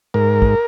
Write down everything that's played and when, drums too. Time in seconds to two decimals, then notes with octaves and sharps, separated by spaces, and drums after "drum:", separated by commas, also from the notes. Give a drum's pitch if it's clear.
0.14 G#2 A#4
0.42 drum: kick